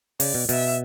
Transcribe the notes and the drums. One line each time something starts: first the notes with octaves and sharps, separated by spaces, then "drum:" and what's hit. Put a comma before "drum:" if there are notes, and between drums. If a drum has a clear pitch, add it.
C#3 D5, drum: open hi-hat
B2
B2 E5, drum: open hi-hat